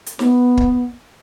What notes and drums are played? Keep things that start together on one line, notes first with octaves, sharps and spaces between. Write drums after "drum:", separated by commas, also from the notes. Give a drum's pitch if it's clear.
drum: hi-hat
B3, drum: snare
drum: kick